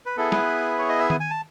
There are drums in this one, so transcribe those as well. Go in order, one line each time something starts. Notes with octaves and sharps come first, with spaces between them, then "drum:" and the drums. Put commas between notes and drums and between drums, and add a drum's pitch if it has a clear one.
B4
B3 E4 G#4 A4
B4, drum: snare
C#5
D#5
E5
G#5, drum: tom D#3
G#5
A5